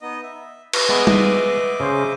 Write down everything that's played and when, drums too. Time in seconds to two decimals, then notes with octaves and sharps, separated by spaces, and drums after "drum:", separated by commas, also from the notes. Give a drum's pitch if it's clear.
0.01 B3 D#4 D#5
0.23 E5
0.73 B4 E5, drum: cymbal
0.89 G#3 B3 D#5 E5 D6
1.07 drum: tom
1.80 C#3 G#4 C5